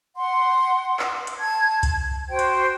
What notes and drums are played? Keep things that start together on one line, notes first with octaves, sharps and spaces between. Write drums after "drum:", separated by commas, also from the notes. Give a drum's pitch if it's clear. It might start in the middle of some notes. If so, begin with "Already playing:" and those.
F#5 C6
drum: clap
drum: hi-hat
A5 G#6
drum: kick C2, hi-hat
F#4 C5 G5
drum: hi-hat